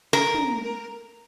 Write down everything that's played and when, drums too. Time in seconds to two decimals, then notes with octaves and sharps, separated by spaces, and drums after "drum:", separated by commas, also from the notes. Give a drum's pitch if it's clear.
0.13 A#4
0.34 drum: tom